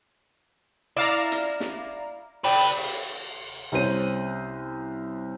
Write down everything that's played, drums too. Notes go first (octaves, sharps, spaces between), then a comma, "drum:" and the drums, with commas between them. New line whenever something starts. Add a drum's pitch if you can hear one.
E4 D5 F5 A#5
drum: hi-hat
drum: snare
C#3 D4 B4 G5, drum: open hi-hat
drum: cymbal
C2 C#4 C5 D#7